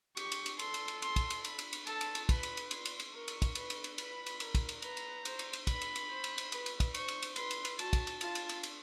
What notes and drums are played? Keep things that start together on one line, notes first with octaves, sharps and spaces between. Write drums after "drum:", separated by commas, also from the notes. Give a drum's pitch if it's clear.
G4 C#6, drum: cymbal
drum: cymbal
drum: cymbal
A4 C6, drum: cymbal
drum: cymbal
drum: cymbal
C6, drum: cymbal
drum: kick, cymbal
drum: cymbal
B5, drum: cymbal
drum: cymbal
drum: cymbal
A4 A5, drum: cymbal
drum: cymbal
drum: cymbal
B4 B5, drum: kick, cymbal
drum: cymbal
drum: cymbal
C6, drum: cymbal
drum: cymbal
drum: cymbal
A#4 C#6
drum: cymbal
drum: kick, cymbal
B4, drum: cymbal
drum: cymbal
drum: cymbal
B4 B5, drum: cymbal
drum: cymbal
A#4, drum: cymbal
drum: kick, cymbal
drum: cymbal
B4 A#5, drum: cymbal
drum: cymbal
C5, drum: cymbal
drum: cymbal
drum: cymbal
B4 B5, drum: kick, cymbal
drum: cymbal
drum: cymbal
C5
drum: cymbal
drum: cymbal
B4, drum: cymbal
drum: cymbal
drum: kick, cymbal
C5 C#6, drum: cymbal
drum: cymbal
drum: cymbal
B4 C6, drum: cymbal
drum: cymbal
drum: cymbal
F#4 A5, drum: cymbal
drum: kick, cymbal
drum: cymbal
F4 A5, drum: cymbal
drum: cymbal
drum: cymbal
drum: cymbal